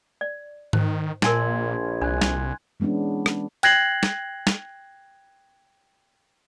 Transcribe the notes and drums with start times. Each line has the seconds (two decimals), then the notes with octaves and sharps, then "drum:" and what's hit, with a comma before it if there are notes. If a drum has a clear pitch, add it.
0.21 D5
0.73 D#3 C5, drum: tom G#2
1.22 A#1 A#2 A#4 G#5 A5 C6 G#6, drum: snare
2.02 C2 D4 G#5 F#6 G#6
2.22 drum: snare
2.80 E3 G#3 B3 C#4 D4
3.26 drum: rim click
3.63 G5 F#6 G#6 A#6 C7 F#7, drum: hi-hat
4.03 drum: snare
4.47 drum: snare